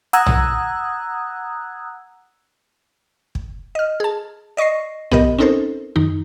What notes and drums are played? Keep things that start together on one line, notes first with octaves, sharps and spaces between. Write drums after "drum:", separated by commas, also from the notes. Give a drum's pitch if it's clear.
F#5 A#5 D#6 E6 F#6 G#6, drum: hi-hat
drum: tom
drum: kick
D#5 F6
G#4 A5
D5 D#5 C#6 A#6 C7
B3 G4 A#4 D#5, drum: tom
C4 C#4 D#4 A4 A#4 C5
F#2 D#3 D#4